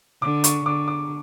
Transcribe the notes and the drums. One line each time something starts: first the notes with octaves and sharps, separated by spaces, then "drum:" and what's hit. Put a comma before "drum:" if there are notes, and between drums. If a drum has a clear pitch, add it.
D3 D6
C#6, drum: hi-hat
D3 D6
D6